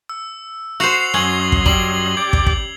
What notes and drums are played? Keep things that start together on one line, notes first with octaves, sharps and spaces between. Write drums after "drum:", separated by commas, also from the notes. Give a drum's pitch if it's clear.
E6
F#4 C5 C7 F7 F#7
F#2 C#4 D#5 C6 G#6 F#7 G7
drum: kick
G3 F#7, drum: kick
G4 D5 D6 G#6
drum: kick
drum: kick